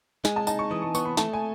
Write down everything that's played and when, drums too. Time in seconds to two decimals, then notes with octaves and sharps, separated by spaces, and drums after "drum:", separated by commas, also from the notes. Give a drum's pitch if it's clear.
0.25 G#3 G#5, drum: snare
0.36 A5
0.47 D#4 A5, drum: tambourine
0.59 C#6
0.71 E3 D#6
0.82 C#6
0.95 B3 C#6, drum: tambourine
1.05 B5
1.17 A3 A5, drum: snare
1.33 G#5